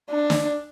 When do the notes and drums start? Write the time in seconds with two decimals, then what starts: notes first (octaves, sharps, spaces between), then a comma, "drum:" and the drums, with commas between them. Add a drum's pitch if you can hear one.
0.11 D4
0.30 drum: snare